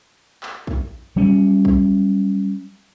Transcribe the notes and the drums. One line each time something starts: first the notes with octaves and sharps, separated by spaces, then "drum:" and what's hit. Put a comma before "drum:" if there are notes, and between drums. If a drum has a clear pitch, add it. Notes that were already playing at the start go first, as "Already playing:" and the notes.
drum: clap
drum: kick
F#3 G3 C#4
drum: kick